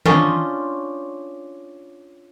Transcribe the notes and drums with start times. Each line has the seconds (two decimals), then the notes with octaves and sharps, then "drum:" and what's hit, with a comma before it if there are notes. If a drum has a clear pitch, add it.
0.06 C#4 D4 F4 C5 D#5, drum: tom D#3